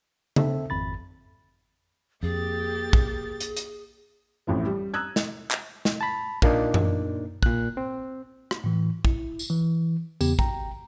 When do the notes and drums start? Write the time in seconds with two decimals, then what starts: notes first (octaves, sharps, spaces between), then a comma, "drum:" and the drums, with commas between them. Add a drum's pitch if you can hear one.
0.36 C4 A4 E5, drum: tom C#3
0.70 G#1 F2 B5 A6
2.23 F2 A#3 G4 G#4 A6
2.93 drum: kick
3.40 drum: hi-hat
3.57 drum: hi-hat
4.47 A1 F2 A2 E3
4.66 G3
4.94 A#5 D#6 E6 F#6 G#6
5.16 drum: snare
5.51 drum: clap
5.85 drum: snare
6.01 A5 B5
6.42 A#2 A#3 D4 D#4, drum: kick
6.74 drum: tom F#2
7.43 A#2 F#6, drum: kick
7.77 C4
8.51 drum: rim click
8.64 A2 E3
9.05 E4, drum: kick
9.39 drum: tambourine
9.50 E3
10.21 E2 C#3 B3 G4, drum: tambourine
10.39 G#1 G5 A#5, drum: kick